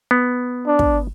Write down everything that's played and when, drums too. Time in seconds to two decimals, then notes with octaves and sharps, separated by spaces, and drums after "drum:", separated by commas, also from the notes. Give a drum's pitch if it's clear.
0.11 B3
0.67 D4
0.79 drum: kick